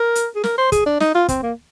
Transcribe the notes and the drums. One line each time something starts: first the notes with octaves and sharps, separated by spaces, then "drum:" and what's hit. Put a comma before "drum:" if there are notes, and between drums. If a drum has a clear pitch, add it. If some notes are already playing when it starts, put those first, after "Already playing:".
Already playing: A#4
drum: hi-hat
G#4
A#4, drum: snare
C5
G#4, drum: kick, hi-hat
D4
D#4, drum: snare
F4
C4, drum: kick, hi-hat
A#3